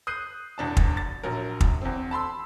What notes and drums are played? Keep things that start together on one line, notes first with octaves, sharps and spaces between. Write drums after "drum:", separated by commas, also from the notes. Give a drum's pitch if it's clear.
D#6 F#6 G6 C7 D#7
E1 E2 D4 A5
drum: kick
A6
A#1 F#3 A#4
drum: kick
E2 C4
A5 B5 C6 E6